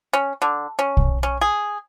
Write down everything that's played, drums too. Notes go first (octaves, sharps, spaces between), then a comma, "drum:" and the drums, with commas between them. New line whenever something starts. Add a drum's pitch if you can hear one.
C#4
D3
C#4
drum: kick
C#4
G#4